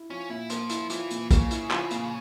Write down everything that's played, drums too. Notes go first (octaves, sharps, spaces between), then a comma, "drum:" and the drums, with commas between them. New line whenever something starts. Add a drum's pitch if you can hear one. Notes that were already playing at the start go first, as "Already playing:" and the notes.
Already playing: E4
F3 C#4
A#2 E4
F3 A#3, drum: hi-hat
E4, drum: hi-hat
E3 F3, drum: hi-hat
A#2, drum: hi-hat
C#3 A#3, drum: kick, hi-hat
E4, drum: hi-hat
F3, drum: clap
A#2, drum: hi-hat